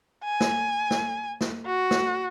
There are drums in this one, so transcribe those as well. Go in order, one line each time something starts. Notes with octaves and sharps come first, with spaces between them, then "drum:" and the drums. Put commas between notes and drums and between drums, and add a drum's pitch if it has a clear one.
G#5
drum: snare
drum: snare
drum: snare
F#4
drum: snare